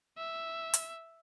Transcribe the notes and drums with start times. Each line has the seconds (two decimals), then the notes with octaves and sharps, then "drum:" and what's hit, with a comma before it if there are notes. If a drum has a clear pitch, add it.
0.18 E5
0.74 drum: hi-hat